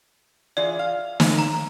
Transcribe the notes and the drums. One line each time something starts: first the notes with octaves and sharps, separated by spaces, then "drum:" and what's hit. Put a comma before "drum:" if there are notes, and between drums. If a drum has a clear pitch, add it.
E3 F4 G#4 D5
F5
drum: snare
A#5